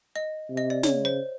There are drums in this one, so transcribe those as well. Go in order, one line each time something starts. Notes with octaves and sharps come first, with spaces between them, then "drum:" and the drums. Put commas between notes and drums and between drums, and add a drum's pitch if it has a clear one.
D#5
C3
D#5
D5
C#3 C#5, drum: snare
C5